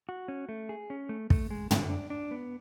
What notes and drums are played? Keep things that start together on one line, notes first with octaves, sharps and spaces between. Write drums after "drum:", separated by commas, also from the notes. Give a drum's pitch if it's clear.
F#4
C#4
A3
G#4
C#4
A3
A3, drum: kick
G#3
D3, drum: tom
D4
D4
B3